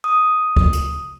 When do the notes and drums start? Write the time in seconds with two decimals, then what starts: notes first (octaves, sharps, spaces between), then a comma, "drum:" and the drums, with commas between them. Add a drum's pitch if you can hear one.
0.04 D#6
0.56 drum: kick C#2
0.73 drum: hi-hat